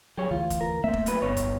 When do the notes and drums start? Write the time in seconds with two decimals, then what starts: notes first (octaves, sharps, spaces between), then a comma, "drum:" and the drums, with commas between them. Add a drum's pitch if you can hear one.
0.17 F#3 G4 G#4 C#5
0.31 D2 E3 F4
0.50 drum: kick, hi-hat
0.61 A#4
0.84 A3 A#3 C4 C5 E5
0.93 drum: kick
1.06 F2 F#3 B4, drum: hi-hat
1.22 G1 G2 B2 C#5
1.37 drum: kick, hi-hat